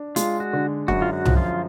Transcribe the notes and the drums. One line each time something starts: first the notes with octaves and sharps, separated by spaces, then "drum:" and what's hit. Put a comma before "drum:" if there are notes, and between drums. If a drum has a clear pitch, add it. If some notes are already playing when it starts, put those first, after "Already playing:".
Already playing: D4
G#3 F4, drum: hi-hat
F#4
D3
F#2 F#4, drum: kick
F4
F#4
F3, drum: tom C2
F4